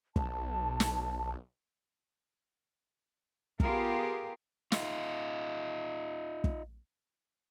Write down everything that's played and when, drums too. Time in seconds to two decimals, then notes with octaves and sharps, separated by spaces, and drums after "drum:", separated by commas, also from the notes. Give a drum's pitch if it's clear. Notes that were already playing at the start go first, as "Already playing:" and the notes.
0.16 B1 A5, drum: kick
0.80 drum: snare
3.60 B3 F4 G4 G#4 A#4, drum: kick
4.72 D#4 F4, drum: snare
6.44 drum: kick